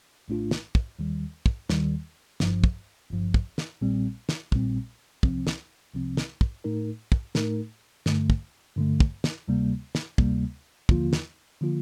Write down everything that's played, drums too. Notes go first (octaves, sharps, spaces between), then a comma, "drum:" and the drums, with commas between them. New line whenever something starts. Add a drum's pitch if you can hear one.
A#1 A2 A3 D4 F4
drum: snare
drum: kick
D#2 D#3 G3
drum: kick
D#2 D#3 G3, drum: snare
G1 G2 F3, drum: snare
drum: kick
G1 G2 F3
drum: kick
drum: snare
A#1 A#2 G3 C4
drum: snare
A#1 A#2 G3 C4, drum: kick
C2 C3 F3 C4, drum: kick
drum: snare
C2 C3 F3 C4
drum: snare
drum: kick
A2 A3 D#4 A#4
drum: kick
A2 A3 D#4 A#4, drum: snare
G2 D3 A3, drum: snare
drum: kick
G2 D3 A3
drum: kick
drum: snare
D2 C3 G3 A#3
drum: snare
D2 C3 G3 A#3, drum: kick
D#2 D3 F3 A#3 F4, drum: kick
drum: snare
D3 F3 A#3 F4